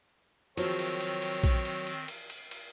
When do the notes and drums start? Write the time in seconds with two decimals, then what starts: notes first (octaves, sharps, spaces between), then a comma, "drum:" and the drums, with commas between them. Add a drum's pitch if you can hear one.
0.57 D#3 F3 F#3 C4 C#5, drum: cymbal
0.79 drum: cymbal
1.00 drum: cymbal
1.22 drum: cymbal
1.44 drum: kick A#1, cymbal
1.65 drum: cymbal
1.87 drum: cymbal
2.08 drum: cymbal
2.30 drum: cymbal
2.51 drum: cymbal